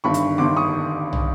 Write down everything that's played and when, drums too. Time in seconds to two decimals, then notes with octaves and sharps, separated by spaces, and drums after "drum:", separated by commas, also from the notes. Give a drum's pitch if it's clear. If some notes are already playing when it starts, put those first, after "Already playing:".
0.04 G1 G2 D#3 B5 C#6
0.14 drum: hi-hat
0.38 G1 G2 D#3 C6 D6
0.57 C#6 D#6
1.13 drum: tom